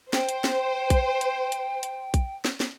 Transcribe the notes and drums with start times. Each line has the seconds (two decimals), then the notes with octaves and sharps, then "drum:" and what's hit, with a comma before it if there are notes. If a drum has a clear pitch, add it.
0.13 C5 G5, drum: snare
0.29 drum: hi-hat
0.44 drum: snare
0.90 drum: kick A#1, hi-hat
1.21 drum: hi-hat
1.52 drum: hi-hat
1.83 drum: hi-hat
2.14 drum: kick A#1, hi-hat
2.45 drum: snare
2.60 drum: snare